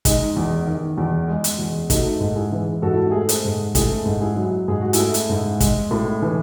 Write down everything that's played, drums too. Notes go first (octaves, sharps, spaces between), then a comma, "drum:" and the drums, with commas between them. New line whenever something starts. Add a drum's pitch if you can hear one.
G#3 D#4, drum: kick, hi-hat
E2
D#3
E2
G#3
drum: hi-hat
E2
A3 D#4 F#4, drum: kick, hi-hat
G#2
E4 G#4
E3
G#2 F#4 A4
E4
F#4
A3 G#4
A4
G#4 C5, drum: hi-hat
G#2
A3 E4 G#4, drum: kick, hi-hat
G#2
E4 G#4
F#3
G#2 G#4
F#4
E4 G#4, drum: hi-hat
A3
drum: hi-hat
G#2
G#3, drum: kick, hi-hat
A2
E3